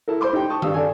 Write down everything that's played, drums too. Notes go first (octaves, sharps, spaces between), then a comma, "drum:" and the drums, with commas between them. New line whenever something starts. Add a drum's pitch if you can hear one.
E4 A4 A#4
C5 B5 C6 D6
D#4 G4 G5
A5 C#6 D#6
G2 G4 F5 D#6 E6, drum: tom D#3
D4 A4 D5 F5 G#5